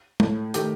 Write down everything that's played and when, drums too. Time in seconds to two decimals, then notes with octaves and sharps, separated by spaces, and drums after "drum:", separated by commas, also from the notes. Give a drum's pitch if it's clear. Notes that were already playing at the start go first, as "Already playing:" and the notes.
0.20 A2 A3, drum: tom
0.54 D#3 A3 G4, drum: hi-hat